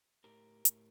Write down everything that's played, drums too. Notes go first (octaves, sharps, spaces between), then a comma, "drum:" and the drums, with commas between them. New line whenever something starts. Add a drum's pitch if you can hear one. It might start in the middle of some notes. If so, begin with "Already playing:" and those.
A2 G4 A#4
A2, drum: hi-hat